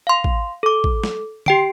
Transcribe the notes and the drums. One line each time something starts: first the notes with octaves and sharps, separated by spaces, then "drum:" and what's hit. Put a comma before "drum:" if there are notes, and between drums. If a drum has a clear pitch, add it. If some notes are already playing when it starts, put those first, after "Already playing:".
F5 C6
drum: kick
A4 D6
drum: kick
drum: snare
G4 G5 D7, drum: tom